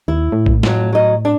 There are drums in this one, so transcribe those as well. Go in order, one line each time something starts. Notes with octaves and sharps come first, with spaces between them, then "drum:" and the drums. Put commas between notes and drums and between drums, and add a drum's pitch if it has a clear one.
D#2 E4
A2
drum: kick A1
F2 F#3, drum: snare
F#3 D#5
D4